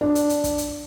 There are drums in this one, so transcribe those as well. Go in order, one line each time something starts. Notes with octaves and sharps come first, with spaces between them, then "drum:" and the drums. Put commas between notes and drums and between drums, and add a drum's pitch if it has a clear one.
D4
drum: hi-hat
drum: hi-hat
drum: kick, hi-hat
drum: hi-hat